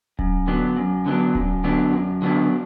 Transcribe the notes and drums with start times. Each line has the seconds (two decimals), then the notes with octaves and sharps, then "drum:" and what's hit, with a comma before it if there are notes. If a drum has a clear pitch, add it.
0.19 F#2, drum: kick D1
0.47 D3 F#3 B3 D4
0.76 F#2
1.06 D3 F#3 B3 D4
1.35 F#2, drum: kick D1
1.64 D3 F#3 B3 D4
1.93 F#2
2.22 D3 F#3 B3 D4